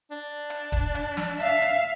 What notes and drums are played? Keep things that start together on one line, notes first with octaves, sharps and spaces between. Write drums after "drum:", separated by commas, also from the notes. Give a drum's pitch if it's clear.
D4
drum: hi-hat
drum: kick, hi-hat
drum: hi-hat
drum: snare
E5 F5, drum: hi-hat
drum: hi-hat